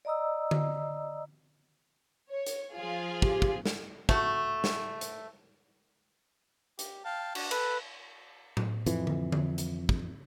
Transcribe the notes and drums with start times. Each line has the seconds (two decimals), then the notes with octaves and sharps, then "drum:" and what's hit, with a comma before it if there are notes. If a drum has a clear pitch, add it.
0.05 D5 D#5 A#5 D#6 E6
0.51 drum: tom D3
2.29 C#5
2.46 drum: hi-hat
2.74 F3 F4 G#4
3.22 G4, drum: kick
3.42 drum: kick
3.66 drum: snare
4.09 A3 F#4, drum: kick
4.64 drum: snare
5.01 drum: hi-hat
6.79 G4, drum: hi-hat
7.05 F5 G5 A5
7.35 D4 F#4, drum: cymbal
7.51 A4 B4, drum: cymbal
8.57 drum: tom A2
8.86 F2 E3, drum: hi-hat
9.07 drum: tom D3
9.32 drum: tom D3
9.58 drum: hi-hat
9.89 drum: kick